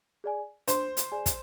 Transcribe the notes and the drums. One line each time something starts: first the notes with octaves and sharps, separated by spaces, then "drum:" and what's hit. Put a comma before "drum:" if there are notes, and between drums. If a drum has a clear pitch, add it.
G#4 D5 G#5
D4 C5, drum: hi-hat
drum: hi-hat
G#4 D5 G#5
drum: kick, hi-hat